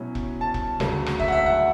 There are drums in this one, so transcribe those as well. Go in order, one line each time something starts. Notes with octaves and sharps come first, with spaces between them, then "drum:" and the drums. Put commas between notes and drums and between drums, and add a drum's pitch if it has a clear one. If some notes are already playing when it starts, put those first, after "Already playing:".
Already playing: B2 F#3 C#4 E4
drum: kick E1
A5
drum: kick E1
D2 C#3 F#3, drum: rim click
drum: rim click
E5, drum: kick E1
F#5
E5
F#5